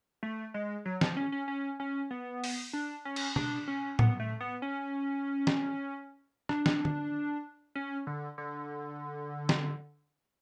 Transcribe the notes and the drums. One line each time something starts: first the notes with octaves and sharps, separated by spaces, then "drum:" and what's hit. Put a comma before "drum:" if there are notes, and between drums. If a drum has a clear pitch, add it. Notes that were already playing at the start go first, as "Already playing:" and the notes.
A3
G#3
F#3
F3, drum: snare
C#4
C#4
C#4
C#4
B3
drum: open hi-hat
D4
C#4
drum: cymbal
D4, drum: tom B2
C#4
B3, drum: tom
A3
B3
C#4
drum: snare
D4, drum: rim click
drum: snare
drum: tom D3
C#4
D3
D3
drum: snare